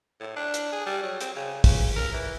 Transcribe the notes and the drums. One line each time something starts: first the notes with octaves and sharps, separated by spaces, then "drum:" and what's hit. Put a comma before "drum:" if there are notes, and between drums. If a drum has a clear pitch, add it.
A2
D4
drum: hi-hat
G#4
G3
F#3
C4, drum: hi-hat
C#3
C#3, drum: kick, open hi-hat
A#4
E3